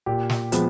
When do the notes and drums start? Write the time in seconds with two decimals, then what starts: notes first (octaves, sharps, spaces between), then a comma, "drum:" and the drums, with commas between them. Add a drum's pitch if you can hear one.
0.06 A#2 G4
0.29 drum: snare
0.52 F3 G#3 B3, drum: hi-hat